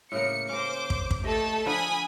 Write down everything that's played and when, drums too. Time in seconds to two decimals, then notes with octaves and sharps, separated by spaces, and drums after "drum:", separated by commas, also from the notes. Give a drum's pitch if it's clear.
0.12 A2 C#3 A#3 C#7
0.49 A#3 C#4 C5 D6
0.90 drum: kick
1.11 drum: kick
1.24 A3 G4 A4 D#5 A5
1.66 D3 F3 F#5 G#5 B5 D#6